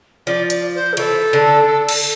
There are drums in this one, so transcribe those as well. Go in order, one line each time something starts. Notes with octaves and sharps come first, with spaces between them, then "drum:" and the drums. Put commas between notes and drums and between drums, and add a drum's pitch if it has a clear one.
F3 D5
D5, drum: hi-hat
C5
G#4
E3 A4, drum: cymbal
D3
drum: cymbal